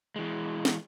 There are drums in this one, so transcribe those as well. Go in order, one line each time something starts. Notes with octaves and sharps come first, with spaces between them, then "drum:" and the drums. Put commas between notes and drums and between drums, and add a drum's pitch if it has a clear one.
E3 G#3
drum: snare